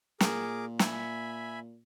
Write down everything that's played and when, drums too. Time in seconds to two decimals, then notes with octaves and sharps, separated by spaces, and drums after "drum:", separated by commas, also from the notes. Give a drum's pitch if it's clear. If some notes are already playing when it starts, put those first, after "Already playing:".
0.20 A#2 G#4 A#4 D6, drum: snare
0.79 E5 G#5 B5, drum: snare